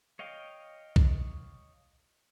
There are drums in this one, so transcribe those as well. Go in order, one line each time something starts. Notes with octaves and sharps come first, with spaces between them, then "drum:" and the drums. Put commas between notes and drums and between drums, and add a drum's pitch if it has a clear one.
C#5 D#5 F5 G5
drum: kick B1